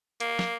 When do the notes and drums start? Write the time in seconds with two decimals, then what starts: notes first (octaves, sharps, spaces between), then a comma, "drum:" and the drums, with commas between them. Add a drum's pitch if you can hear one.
0.20 A#3, drum: hi-hat
0.39 drum: snare